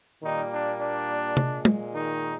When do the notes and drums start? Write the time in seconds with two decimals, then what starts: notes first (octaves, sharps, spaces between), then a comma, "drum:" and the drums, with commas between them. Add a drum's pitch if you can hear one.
0.22 A#2 D#3 G3 A#3 D#4
0.52 D4
0.79 D4
1.37 A#2 G#3, drum: tom
1.65 drum: tom
1.94 D#3 D#4